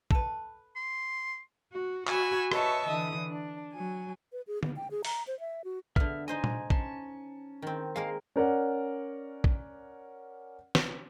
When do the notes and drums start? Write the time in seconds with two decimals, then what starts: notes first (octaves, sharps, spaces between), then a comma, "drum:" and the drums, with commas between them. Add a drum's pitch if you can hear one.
0.11 A4 B4, drum: kick A#1
0.76 C6
1.72 F#4
2.07 F#4 G#5 B5 E6, drum: clap
2.51 B4 C#5 D#5 E5 A5 C#6, drum: rim click
2.89 D3 E3 D#6
3.28 D4
3.73 F#3 G#5
4.32 B4
4.47 G#4
4.63 B3, drum: tom D3
4.76 G5
4.91 G#4
5.05 A#5, drum: open hi-hat
5.27 C5
5.40 E5
5.64 F#4
5.96 D3 B3 E5 F6, drum: kick A#1
6.28 D#4 C5 D#5 G#5
6.44 drum: tom
6.70 C#4 A5 C6, drum: kick A#1
7.62 D#3 C4
7.96 G#3 A#3 A#4 F5
8.36 C#4 A#4 D5 F#5
9.44 drum: kick A#1
10.75 drum: snare